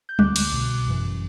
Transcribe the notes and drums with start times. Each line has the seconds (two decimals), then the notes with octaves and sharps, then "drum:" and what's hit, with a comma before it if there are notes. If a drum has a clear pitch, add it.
0.09 G6
0.19 D2 D3 D6 F#6, drum: tom
0.36 drum: cymbal
0.52 C2 B2
0.86 G1 F#2 E3